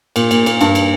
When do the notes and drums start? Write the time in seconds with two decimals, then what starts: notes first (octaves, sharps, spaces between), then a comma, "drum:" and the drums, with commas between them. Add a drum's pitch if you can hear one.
0.16 A#2, drum: cymbal
0.31 A#2, drum: cymbal
0.46 A#3, drum: cymbal
0.61 G2, drum: cymbal
0.75 drum: cymbal